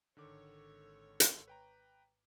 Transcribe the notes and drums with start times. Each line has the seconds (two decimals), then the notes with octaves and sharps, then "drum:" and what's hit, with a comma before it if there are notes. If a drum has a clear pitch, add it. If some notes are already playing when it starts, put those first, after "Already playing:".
0.17 G#1 D3 D#3 A4 C#5 D6
1.20 drum: hi-hat
1.48 B4 G5 A#5